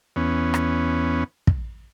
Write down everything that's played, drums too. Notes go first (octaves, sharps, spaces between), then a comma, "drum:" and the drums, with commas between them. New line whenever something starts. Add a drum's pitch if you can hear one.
E2 B3 C#4
drum: rim click
drum: kick